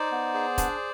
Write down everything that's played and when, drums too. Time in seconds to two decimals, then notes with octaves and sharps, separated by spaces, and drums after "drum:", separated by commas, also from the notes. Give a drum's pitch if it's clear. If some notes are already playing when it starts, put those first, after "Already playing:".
Already playing: D#4 C5 D5
0.12 B3
0.34 G#4
0.58 D4, drum: kick, hi-hat